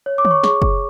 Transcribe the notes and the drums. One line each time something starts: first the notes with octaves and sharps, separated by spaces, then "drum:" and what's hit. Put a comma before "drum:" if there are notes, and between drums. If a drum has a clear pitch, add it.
C#5
D6
C#5, drum: tom
C#6
G#4 C#6, drum: snare
G#4, drum: kick F#1